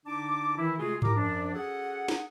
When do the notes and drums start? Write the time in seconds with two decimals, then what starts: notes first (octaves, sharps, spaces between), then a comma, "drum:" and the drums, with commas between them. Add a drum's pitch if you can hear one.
0.06 D3 D4 D#4 A5 D6
0.57 D#3 E3 E4
0.78 C3 G#3 A3 F4 F#4 G#4
1.02 B2 E4 G4 A#4 A#5 D6, drum: tom G#2
1.15 F#2 F3 D4
1.53 C#4 F#4 G#4 A4 F#5
2.08 drum: snare